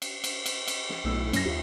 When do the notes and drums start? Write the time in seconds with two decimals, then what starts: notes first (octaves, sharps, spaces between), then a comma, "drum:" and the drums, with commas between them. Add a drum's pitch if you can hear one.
0.02 drum: cymbal
0.24 drum: cymbal
0.46 drum: cymbal
0.68 drum: cymbal
0.89 drum: snare
1.04 B1 A2 E4 E6
1.33 F#2 C#4 A#6, drum: cymbal
1.45 D#2 F4 E5